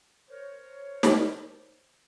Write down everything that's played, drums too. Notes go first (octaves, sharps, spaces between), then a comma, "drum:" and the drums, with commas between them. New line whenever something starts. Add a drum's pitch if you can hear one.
A#4 C5 C#5
drum: snare